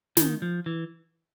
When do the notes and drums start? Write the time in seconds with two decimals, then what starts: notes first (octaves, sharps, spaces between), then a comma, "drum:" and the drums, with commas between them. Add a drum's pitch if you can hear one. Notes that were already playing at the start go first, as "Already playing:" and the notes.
0.17 D#3, drum: snare
0.42 F3
0.66 E3